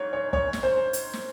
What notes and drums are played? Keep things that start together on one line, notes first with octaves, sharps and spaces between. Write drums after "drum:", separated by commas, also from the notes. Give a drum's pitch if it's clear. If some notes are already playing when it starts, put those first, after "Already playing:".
Already playing: G#2 C#5
C#5
C#5, drum: kick
drum: snare
C5
drum: hi-hat
drum: snare